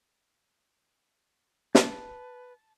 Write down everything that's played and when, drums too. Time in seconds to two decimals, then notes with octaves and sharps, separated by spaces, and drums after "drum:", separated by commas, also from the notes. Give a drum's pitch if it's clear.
1.75 B4 A5, drum: snare